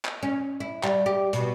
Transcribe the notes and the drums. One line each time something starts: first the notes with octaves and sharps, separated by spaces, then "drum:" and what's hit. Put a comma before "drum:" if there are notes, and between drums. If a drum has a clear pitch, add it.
drum: clap
C#4
E4
G3, drum: clap
G4
B2, drum: hi-hat